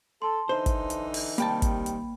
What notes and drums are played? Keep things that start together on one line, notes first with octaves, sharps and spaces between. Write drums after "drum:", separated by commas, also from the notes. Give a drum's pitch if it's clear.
A4 A5 C6
D3 E3 D#4 C5
drum: kick, hi-hat
drum: hi-hat
drum: open hi-hat
C3 D#3 G3 A#3 G5 A5 B5, drum: hi-hat
drum: kick, hi-hat
drum: hi-hat